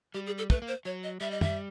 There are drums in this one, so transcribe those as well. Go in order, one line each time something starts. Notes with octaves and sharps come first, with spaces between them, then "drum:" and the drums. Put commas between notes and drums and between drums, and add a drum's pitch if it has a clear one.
G3 G4
G#4
A4
A3 B4, drum: kick
A#3
C5
F#3 C#5
D#5
G3 E5
D#5
E5, drum: tom